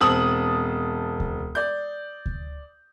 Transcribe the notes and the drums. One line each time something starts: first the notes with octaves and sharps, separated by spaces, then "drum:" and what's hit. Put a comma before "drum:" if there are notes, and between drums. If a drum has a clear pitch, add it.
E1 C4 A5 D#6 F#7
drum: kick D2
D5 G6
drum: kick D2